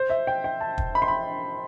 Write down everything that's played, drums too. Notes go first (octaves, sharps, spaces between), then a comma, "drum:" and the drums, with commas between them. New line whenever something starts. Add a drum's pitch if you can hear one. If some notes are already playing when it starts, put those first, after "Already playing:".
Already playing: C5
E5
G5
G5
A5
drum: kick
B5
C6
B5